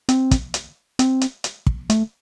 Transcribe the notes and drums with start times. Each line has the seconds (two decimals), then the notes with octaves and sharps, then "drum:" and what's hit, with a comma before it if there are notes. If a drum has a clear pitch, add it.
0.09 C4, drum: hi-hat
0.31 drum: kick, hi-hat
0.54 drum: hi-hat
0.99 C4, drum: hi-hat
1.21 drum: hi-hat
1.44 drum: hi-hat
1.66 drum: kick
1.90 A3, drum: hi-hat